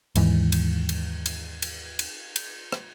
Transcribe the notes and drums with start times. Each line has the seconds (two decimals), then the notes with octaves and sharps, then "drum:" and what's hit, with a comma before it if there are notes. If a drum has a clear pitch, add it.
0.16 D#2 G#2 E3, drum: cymbal
0.52 drum: cymbal
0.89 drum: cymbal
1.26 drum: cymbal
1.62 drum: cymbal
1.99 drum: cymbal
2.36 drum: cymbal
2.72 drum: rim click